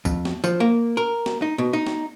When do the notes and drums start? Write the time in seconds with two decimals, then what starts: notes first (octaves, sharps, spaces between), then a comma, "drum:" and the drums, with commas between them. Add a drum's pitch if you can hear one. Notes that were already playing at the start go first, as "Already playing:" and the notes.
0.05 F2, drum: kick C#2, tambourine
0.25 drum: snare
0.44 F3, drum: tambourine
0.60 A#3
0.97 A#4
1.26 drum: snare
1.42 D#4
1.58 B2
1.73 D#4
1.87 drum: snare